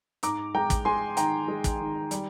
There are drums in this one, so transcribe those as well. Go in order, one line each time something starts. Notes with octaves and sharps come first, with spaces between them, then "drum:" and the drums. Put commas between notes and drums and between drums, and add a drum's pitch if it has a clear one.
G#2 A#5 D6, drum: hi-hat
G#3 G5 A#5
drum: kick, hi-hat
G#3 G#5 C6
D#3 G5 A#5, drum: hi-hat
G#3
drum: kick, hi-hat
D#3
G3, drum: hi-hat